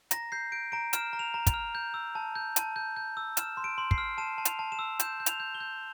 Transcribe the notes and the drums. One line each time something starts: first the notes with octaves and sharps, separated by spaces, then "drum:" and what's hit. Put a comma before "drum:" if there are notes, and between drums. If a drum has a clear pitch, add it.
A#5 A#6, drum: hi-hat
G6 C7
G6 D7
A#5 D7
F6 E7, drum: hi-hat
A#5
F7
A#5
F7, drum: kick, hi-hat
F6
G6
E6
A5
G6
A5, drum: hi-hat
G6
G6
E6
F6 E7, drum: hi-hat
C6
D7
C6
C7, drum: kick
F6
A5 E7
A5
F7, drum: hi-hat
A5
E7
E6
G6 E7, drum: hi-hat
G6
F7, drum: hi-hat
G6
G7
G6